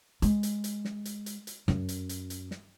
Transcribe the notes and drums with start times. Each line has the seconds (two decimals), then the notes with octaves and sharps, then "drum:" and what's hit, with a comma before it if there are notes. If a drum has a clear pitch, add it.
0.22 G#3, drum: hi-hat
0.43 drum: hi-hat
0.64 drum: hi-hat
0.85 drum: snare
1.05 drum: hi-hat
1.26 drum: hi-hat
1.47 drum: hi-hat
1.68 F#2, drum: snare
1.89 drum: hi-hat
2.09 drum: hi-hat
2.30 drum: hi-hat
2.51 drum: snare